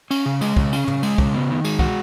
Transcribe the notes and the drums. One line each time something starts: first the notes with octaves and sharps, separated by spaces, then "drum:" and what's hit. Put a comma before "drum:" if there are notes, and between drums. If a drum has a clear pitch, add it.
C#4, drum: cymbal
C#3
G#3, drum: cymbal
C#3, drum: kick
C#4, drum: cymbal
C#3, drum: tom
G#3, drum: cymbal
C#3, drum: kick
B3
D#3
G#3, drum: cymbal
F#4, drum: kick